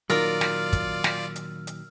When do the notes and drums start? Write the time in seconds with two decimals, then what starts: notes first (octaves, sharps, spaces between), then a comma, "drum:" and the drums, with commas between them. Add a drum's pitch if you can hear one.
0.10 A#2 D#3 F#3 F4 A#4 D5 E6 F6, drum: hi-hat
0.41 drum: snare
0.73 drum: kick, hi-hat
1.04 drum: snare
1.36 drum: hi-hat
1.67 drum: hi-hat